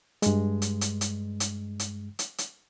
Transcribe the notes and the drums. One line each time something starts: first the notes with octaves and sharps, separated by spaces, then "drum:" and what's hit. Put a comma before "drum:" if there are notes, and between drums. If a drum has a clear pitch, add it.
G2 G#3, drum: hi-hat
drum: hi-hat
drum: hi-hat
drum: hi-hat
drum: hi-hat
drum: hi-hat
drum: hi-hat
drum: hi-hat